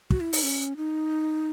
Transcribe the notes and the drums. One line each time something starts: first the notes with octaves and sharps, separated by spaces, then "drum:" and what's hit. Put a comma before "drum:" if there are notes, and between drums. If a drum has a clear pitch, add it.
F#4, drum: kick
E4
D#4, drum: open hi-hat
C#4
D#4